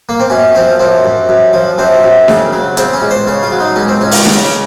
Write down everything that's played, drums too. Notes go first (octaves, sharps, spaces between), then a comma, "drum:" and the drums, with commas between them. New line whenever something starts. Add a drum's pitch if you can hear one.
A#3
C4
F#2 C#4
F3 C4
F#2 C4
F#2
F#2
F3
F#2 C4
F#2
C#3, drum: snare D4
F#3
C#3 C4, drum: hi-hat
C#4
C#2
C5
C#3 C#5
F4
F#3
D#4
C#2 C#4
C4
C#2 C#4
drum: open hi-hat
C#3, drum: snare D4